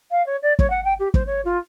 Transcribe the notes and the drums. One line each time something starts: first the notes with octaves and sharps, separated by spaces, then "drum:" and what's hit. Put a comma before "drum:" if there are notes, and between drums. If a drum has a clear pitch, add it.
F5
C#5
D5
C#5, drum: kick
F#5
G5
G4
C5, drum: kick
C#5
F4